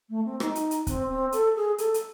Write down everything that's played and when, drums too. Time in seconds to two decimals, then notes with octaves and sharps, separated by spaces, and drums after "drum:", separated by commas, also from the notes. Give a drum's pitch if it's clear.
0.09 A3
0.25 C4
0.40 D#4, drum: rim click
0.55 drum: hi-hat
0.71 drum: hi-hat
0.87 C4, drum: kick, hi-hat
1.09 C4
1.32 A4, drum: hi-hat
1.56 G#4
1.78 A4, drum: hi-hat
1.94 drum: hi-hat